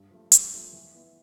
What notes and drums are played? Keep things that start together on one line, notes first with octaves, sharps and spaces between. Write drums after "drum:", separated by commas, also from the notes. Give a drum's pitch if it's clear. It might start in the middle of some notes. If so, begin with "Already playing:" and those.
Already playing: G2
F3 A3
G2, drum: hi-hat
F3 A3
E3
B3 E4